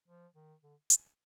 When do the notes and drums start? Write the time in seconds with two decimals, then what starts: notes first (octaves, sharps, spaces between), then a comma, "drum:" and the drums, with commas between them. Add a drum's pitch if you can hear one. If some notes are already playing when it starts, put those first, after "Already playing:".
0.08 F3
0.35 D#3
0.63 D3
0.90 drum: hi-hat